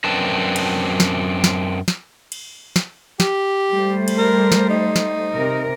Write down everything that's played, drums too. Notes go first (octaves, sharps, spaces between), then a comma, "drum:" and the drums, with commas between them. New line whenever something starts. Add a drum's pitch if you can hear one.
F#2 C4 D4 A#4 B4 A5
drum: cymbal
drum: snare
drum: snare
drum: snare
drum: cymbal
drum: snare
G4, drum: snare
G3 A3 C5
drum: cymbal
A#4
drum: snare
D#4
drum: snare
C3 A#4